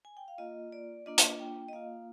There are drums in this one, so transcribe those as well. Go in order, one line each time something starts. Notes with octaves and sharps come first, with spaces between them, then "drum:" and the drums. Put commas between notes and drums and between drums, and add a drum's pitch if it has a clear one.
G#5
G5
F5
A#3 F4 D#5
D5
A#3 D4 F4 D#5
drum: hi-hat
G5
D#5
A#3 F4 F5